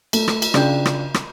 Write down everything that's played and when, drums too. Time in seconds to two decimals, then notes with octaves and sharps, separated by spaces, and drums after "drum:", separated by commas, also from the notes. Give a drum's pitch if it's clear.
0.13 A3, drum: cymbal
0.28 drum: rim click
0.42 drum: cymbal
0.54 C#3 D4 F4 G5 G6, drum: rim click
0.85 drum: rim click
1.14 drum: rim click